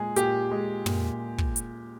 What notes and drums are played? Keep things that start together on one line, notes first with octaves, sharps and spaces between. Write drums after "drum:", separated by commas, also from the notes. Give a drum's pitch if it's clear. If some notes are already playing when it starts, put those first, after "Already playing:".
Already playing: A#2 G#3 G#4
A#2 G4, drum: hi-hat
G#3
A#2, drum: tom
drum: kick
drum: hi-hat